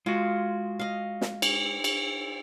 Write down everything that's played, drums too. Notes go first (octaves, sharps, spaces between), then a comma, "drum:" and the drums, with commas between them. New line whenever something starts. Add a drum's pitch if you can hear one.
G#3 F4 F#4
D#5 F5
drum: snare
drum: cymbal
drum: cymbal